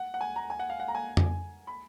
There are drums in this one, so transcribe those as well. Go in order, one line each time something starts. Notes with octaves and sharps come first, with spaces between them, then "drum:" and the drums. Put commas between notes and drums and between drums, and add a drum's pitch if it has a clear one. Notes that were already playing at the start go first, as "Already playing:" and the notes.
Already playing: F#5
F#5
G#5
A#5
G#5
F#5
F5
F#5
A#5
G#5
drum: tom F2
B5